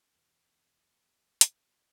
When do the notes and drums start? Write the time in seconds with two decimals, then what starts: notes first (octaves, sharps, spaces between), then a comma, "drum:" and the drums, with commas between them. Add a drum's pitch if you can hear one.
0.15 E2 B2 E3
1.41 drum: hi-hat